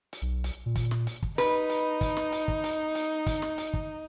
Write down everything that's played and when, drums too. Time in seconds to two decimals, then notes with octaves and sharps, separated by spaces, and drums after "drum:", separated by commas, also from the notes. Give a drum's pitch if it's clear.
0.13 drum: hi-hat
0.22 B1
0.44 drum: hi-hat
0.66 A#2
0.75 drum: kick, hi-hat
0.91 drum: snare
1.07 drum: hi-hat
1.22 drum: kick
1.38 D#4 B4, drum: hi-hat
1.70 drum: hi-hat
2.01 drum: kick, hi-hat
2.17 drum: snare
2.32 drum: hi-hat
2.48 drum: kick
2.64 drum: hi-hat
2.95 drum: hi-hat
3.26 drum: kick, hi-hat
3.42 drum: snare
3.58 drum: hi-hat
3.74 drum: kick